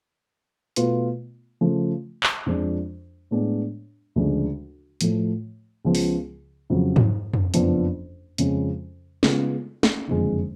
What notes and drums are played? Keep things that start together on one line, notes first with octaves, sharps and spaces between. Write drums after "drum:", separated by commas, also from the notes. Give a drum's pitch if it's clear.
B2 A3 F4 B4, drum: hi-hat
C#3 F3 A3
drum: clap
F2 F3 G#3 D4
A2 G#3 B3 D4
D2 C#3 F3 G#3 D4
A2 F3 A3, drum: hi-hat
C#2 C#3 F3 B3
drum: open hi-hat
F2 C#3 F#3
drum: tom G#2
drum: tom F2
F#1 F2 F3 B3 D4, drum: hi-hat
F2 C#3 F3 G#3 C#4, drum: hi-hat
C#3 G#3 B3 F4 G#4, drum: snare
drum: snare
F#1 F2 D3 G#3